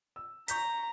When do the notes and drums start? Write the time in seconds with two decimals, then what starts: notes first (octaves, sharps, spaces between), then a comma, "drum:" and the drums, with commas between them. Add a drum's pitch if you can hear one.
0.16 E6
0.48 A#5 C#6 G6 B6, drum: hi-hat